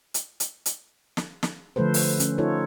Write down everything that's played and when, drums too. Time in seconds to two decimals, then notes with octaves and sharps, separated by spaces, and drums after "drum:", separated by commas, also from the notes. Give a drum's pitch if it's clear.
0.14 drum: hi-hat
0.40 drum: hi-hat
0.66 drum: hi-hat
1.17 drum: snare
1.43 drum: snare
1.76 D3 F3 A3 A4 B4 C5
1.94 drum: open hi-hat
2.20 C#4, drum: hi-hat
2.38 D#4 F4 A4 C#5